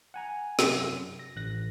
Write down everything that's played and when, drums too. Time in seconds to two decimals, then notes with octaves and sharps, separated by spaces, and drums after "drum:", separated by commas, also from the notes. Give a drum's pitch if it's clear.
0.14 F#5 G#5 A#5
0.59 F#2 C3, drum: snare
1.19 A#6
1.36 A1 F#6 A#6